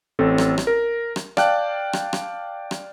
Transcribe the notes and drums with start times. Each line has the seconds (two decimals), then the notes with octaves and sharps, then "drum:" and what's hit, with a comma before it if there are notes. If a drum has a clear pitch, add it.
0.19 A1 C4 A4
0.38 drum: rim click
0.58 drum: rim click
0.67 A#4
1.16 drum: rim click
1.37 D5 F5 G5 A5 F#6, drum: rim click
1.93 drum: rim click
2.13 drum: rim click
2.71 drum: rim click